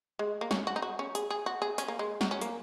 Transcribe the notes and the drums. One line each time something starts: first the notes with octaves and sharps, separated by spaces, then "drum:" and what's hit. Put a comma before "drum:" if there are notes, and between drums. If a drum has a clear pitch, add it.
G#3
A#3
C#4, drum: snare
F#4
D#4
F#4
C#4
G#4, drum: hi-hat
G#4
F#4
G#4
C#4, drum: hi-hat
A#3
G#3
F#3, drum: snare
C#4
A#3, drum: hi-hat